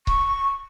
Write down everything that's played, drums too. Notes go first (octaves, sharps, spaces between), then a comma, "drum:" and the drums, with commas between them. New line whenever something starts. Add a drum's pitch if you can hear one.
C#6, drum: kick C#1